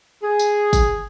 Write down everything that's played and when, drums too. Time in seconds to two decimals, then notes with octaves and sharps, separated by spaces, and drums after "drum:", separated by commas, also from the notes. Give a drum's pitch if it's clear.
0.23 G#4
0.39 drum: tambourine
0.73 drum: kick, tambourine